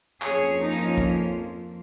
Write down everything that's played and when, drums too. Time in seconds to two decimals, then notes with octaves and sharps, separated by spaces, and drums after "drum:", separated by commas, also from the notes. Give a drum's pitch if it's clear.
0.22 F2 F3 A#3 C#4 G#4 C#5, drum: clap
0.60 D#4
0.72 drum: hi-hat
0.98 drum: kick A#1